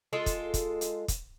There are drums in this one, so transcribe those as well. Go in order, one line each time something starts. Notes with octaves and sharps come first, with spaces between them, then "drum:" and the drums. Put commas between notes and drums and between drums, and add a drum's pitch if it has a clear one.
G#3 F4 A4
drum: kick, hi-hat
drum: kick, hi-hat
drum: hi-hat
drum: kick, hi-hat